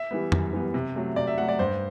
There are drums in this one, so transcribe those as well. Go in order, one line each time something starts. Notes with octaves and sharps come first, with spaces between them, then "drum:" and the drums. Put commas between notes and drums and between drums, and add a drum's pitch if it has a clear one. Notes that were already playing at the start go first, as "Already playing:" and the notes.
Already playing: E5
E3 G3 B3
F#2, drum: tom F2
E3 G3 B3
C3
F#3 A3
C3 D5
E5
F#3 A3 F#5
D5
G2 C5